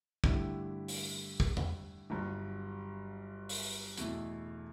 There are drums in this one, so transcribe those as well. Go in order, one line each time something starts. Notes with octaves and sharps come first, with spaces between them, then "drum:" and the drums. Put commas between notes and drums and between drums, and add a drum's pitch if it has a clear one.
G2 D3 A3 E4 G4, drum: kick
drum: open hi-hat
drum: kick
drum: tom
G1 G2 F#3
drum: open hi-hat
E2 B2 A3 E4 A4, drum: hi-hat